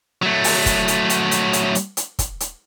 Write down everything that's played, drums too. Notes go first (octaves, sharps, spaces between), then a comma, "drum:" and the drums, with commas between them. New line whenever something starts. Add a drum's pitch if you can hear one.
F#3 A3
drum: open hi-hat
drum: kick, hi-hat
drum: hi-hat
drum: hi-hat
drum: hi-hat
drum: hi-hat
drum: hi-hat
drum: hi-hat
drum: kick, hi-hat
drum: hi-hat